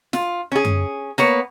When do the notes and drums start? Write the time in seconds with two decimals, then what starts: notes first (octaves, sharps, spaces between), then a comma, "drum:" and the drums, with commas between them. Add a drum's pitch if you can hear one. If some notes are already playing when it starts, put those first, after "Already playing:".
0.13 F4, drum: snare
0.52 C#4 G#4
0.65 drum: tom F#2
1.18 A#3 B3 C#5, drum: snare